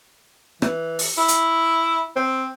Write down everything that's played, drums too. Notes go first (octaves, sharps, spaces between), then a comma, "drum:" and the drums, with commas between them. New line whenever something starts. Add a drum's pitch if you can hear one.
E3, drum: rim click
drum: open hi-hat
E4
drum: hi-hat
C4